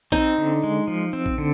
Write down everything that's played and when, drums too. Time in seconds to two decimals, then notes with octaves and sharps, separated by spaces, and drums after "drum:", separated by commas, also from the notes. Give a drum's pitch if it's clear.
0.12 C4 D#4, drum: kick A#1
0.38 D3
0.64 G#3
0.88 F3
1.13 C4
1.26 drum: kick A#1
1.38 D3